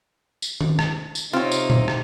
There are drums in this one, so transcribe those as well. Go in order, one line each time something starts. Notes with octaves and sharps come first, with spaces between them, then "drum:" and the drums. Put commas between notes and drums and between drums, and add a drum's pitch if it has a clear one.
drum: tambourine
drum: tom D#3
drum: rim click
drum: tambourine
C3 C4 D#4 F4 C#5
drum: tambourine
drum: tom A#2
drum: rim click